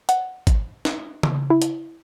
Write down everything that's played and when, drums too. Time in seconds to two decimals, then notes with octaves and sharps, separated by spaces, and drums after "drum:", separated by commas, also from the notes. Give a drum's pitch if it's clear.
0.09 F#5, drum: hi-hat
0.47 drum: kick, hi-hat
0.85 drum: snare
1.23 drum: tom C#3
1.50 E4
1.62 drum: hi-hat